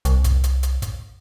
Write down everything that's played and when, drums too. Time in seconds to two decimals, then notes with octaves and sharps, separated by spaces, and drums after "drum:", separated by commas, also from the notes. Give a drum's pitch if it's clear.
0.05 C2, drum: hi-hat
0.24 drum: kick, hi-hat
0.44 drum: hi-hat
0.63 drum: hi-hat
0.82 drum: kick, hi-hat